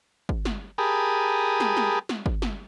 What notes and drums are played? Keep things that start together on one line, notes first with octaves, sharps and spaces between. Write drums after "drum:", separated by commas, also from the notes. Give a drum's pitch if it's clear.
drum: kick
drum: snare
G4 G#4 A#4 A5 B5 D#6
drum: snare
drum: snare
drum: snare
drum: kick
drum: snare